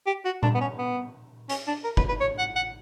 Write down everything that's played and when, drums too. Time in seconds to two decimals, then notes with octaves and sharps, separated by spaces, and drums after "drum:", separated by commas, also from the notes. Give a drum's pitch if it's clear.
0.06 G4
0.25 F#4
0.43 D4, drum: tom A#2
0.54 B3
0.61 C#4
0.78 B3
1.49 C#4, drum: hi-hat
1.67 D4
1.84 A#4
1.97 B4, drum: kick F#1
2.08 B4
2.20 C#5
2.38 F#5
2.56 F#5